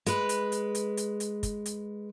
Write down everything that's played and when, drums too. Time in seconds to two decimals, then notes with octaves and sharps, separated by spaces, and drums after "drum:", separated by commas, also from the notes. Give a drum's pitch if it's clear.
0.06 G#3 B4, drum: hi-hat
0.29 drum: hi-hat
0.52 drum: hi-hat
0.75 drum: hi-hat
0.97 drum: hi-hat
1.20 drum: hi-hat
1.43 drum: kick, hi-hat
1.66 drum: hi-hat